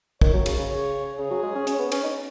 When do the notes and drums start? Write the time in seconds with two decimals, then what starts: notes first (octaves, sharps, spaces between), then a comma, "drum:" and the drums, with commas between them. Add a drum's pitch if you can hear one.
0.21 D#3 C#5, drum: kick
0.34 F#3
0.46 C#3, drum: cymbal
0.58 C#3
0.70 C#5
1.19 C#3 G#4
1.31 F#3
1.43 G#3
1.55 C#4
1.67 C#4, drum: hi-hat
1.79 B3
1.92 C#4, drum: cymbal
2.04 D#4